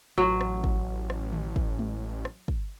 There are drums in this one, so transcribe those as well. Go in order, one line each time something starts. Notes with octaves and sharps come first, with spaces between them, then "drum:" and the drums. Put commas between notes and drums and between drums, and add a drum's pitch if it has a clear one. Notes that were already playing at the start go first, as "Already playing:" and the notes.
A1 F#3
drum: rim click
drum: kick
drum: rim click
drum: tom D3
drum: kick
drum: tom G#3
drum: rim click
drum: kick